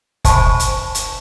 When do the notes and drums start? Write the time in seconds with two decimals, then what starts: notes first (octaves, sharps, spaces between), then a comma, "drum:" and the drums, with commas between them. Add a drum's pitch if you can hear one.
0.25 C5 G#5 A5 B5 C#6, drum: kick F1, hi-hat
0.60 drum: hi-hat
0.95 drum: hi-hat